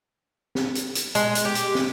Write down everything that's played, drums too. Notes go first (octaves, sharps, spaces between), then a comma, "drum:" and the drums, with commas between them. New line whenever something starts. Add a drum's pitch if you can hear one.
drum: snare
drum: hi-hat
drum: hi-hat
G#3, drum: hi-hat
drum: hi-hat
G4
drum: hi-hat
drum: snare